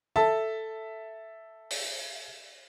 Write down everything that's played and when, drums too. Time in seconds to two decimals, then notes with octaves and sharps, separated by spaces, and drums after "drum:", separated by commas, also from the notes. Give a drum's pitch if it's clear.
0.16 A4 E5 A5
1.71 drum: open hi-hat